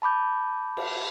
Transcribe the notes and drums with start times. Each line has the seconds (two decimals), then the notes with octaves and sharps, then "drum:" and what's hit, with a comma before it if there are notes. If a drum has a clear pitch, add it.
0.02 A5 B5 D6 G6
0.77 drum: cymbal